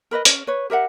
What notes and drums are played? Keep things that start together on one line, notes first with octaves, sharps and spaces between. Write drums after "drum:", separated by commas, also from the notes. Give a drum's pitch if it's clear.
A#4 B4 D5 D#5
C#4, drum: hi-hat
B4 C#5
G4 A#4 E5 F#5